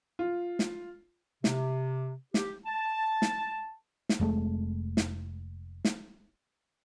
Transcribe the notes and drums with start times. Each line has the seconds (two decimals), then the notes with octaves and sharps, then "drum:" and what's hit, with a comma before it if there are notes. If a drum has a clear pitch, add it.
0.19 F4
0.59 drum: snare
1.44 C3, drum: snare
2.34 G4, drum: snare
2.67 A5
3.22 drum: snare
4.09 drum: snare
4.20 F1 G#3 A3
4.97 drum: snare
5.85 drum: snare